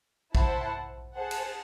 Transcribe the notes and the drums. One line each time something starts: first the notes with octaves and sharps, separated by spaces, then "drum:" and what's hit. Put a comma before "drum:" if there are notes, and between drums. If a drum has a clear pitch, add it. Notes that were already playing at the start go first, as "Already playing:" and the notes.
E4 C5 F#5 A5, drum: kick
G#4 C5 F#5 A5
drum: cymbal